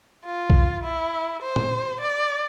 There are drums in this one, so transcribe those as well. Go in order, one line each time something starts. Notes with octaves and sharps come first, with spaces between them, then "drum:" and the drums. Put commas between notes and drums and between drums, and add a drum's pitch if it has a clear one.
F4
drum: kick B1
E4
C5
drum: tom
D5